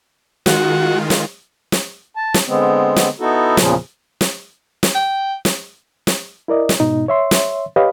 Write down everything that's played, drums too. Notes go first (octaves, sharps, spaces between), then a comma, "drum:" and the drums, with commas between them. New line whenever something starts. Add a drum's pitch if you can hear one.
D#3 G#3 F4 F#4, drum: snare
drum: snare
drum: snare
A5
drum: snare
D3 G#3 B3 C4
drum: snare
B3 D#4 E4 F#4 A4
E2 A#2 C#3 F3, drum: snare
drum: snare
drum: snare
G5
drum: snare
drum: snare
E4 A#4 D5 D#5
drum: snare
G#2 B2 D#4
C#5 E5 C6
drum: snare
G4 B4 C#5 D#5 F5 B5